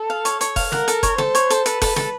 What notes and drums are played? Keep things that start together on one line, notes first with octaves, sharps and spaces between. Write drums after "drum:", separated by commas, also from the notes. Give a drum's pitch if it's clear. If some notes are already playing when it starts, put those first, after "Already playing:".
Already playing: A4
F5
C#5, drum: hi-hat
C#5, drum: hi-hat
F5, drum: kick F1, open hi-hat
A#4 F#5, drum: snare
A4, drum: hi-hat
C#5, drum: kick F1, hi-hat
A4 C5, drum: snare
C#5, drum: hi-hat
A4, drum: hi-hat
A4 B4, drum: hi-hat
A4, drum: kick F1, open hi-hat
A4, drum: snare